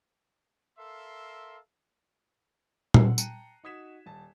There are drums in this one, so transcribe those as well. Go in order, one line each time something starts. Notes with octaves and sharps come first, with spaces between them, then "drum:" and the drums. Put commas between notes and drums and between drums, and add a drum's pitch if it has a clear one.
A4 A#4 E5 F5 C6
F#5 E6 C7, drum: tom A#2
G5 A5 A#5 F#6 C#7 D#7, drum: tambourine
D#4 F#4 D#6 G#6 B6 E7
D#1 A5